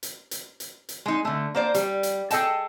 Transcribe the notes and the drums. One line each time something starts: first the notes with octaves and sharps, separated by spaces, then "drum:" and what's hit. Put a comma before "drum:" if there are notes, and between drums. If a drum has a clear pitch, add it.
drum: hi-hat
drum: hi-hat
drum: hi-hat
drum: hi-hat
G#3 D#4
D3 A3
A#3 C5 D5
G3, drum: hi-hat
drum: hi-hat
G#4 A4 D#5 G5 A5, drum: hi-hat